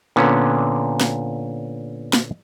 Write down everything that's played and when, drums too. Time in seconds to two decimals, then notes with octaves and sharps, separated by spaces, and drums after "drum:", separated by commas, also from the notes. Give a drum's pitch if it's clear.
0.16 A#2 D3 B3 C#4
1.01 drum: snare
2.13 drum: snare